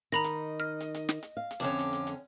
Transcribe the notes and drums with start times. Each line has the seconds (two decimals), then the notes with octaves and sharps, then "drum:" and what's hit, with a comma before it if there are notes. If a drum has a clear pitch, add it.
0.12 D#3 D#5 A#5 B5 A#6, drum: hi-hat
0.24 drum: hi-hat
0.60 F6
0.81 drum: hi-hat
0.95 drum: hi-hat
1.09 drum: snare
1.23 drum: hi-hat
1.37 F5
1.51 drum: hi-hat
1.60 F2 D3 C#4 D6
1.79 drum: hi-hat
1.93 drum: hi-hat
2.07 drum: hi-hat